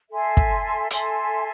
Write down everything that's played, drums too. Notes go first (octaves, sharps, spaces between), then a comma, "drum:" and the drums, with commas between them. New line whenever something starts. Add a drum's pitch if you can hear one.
A4 E5 G#5 C6
drum: kick
A4 E5 G#5 C6, drum: hi-hat